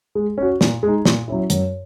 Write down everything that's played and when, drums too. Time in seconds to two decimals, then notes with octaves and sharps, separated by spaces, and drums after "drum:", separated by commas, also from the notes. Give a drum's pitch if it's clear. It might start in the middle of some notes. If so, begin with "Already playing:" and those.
0.15 G#3
0.38 C#4 F#4
0.61 A#2, drum: snare
0.83 G#3 D#4
1.05 A#2, drum: snare
1.28 F#3 C#4 E4
1.50 F#2, drum: hi-hat